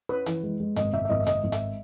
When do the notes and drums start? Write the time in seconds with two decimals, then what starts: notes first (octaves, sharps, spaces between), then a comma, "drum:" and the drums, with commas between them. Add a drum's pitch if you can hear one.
0.09 C#4 B4
0.26 E3, drum: hi-hat
0.43 G#3
0.60 G#3
0.76 G#1 D#5, drum: hi-hat
0.93 G#1 E5
1.05 E5
1.10 G#1 D#5
1.20 E5
1.27 G#1 D#5, drum: hi-hat
1.44 G#1
1.52 E5, drum: hi-hat